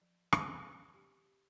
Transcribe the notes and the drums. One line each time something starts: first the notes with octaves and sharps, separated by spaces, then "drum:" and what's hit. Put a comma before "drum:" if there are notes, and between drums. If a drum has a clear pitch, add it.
F3
drum: rim click
C4
G4